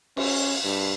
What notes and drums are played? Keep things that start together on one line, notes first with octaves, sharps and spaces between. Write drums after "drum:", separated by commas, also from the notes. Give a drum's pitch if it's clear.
C#4, drum: cymbal
G2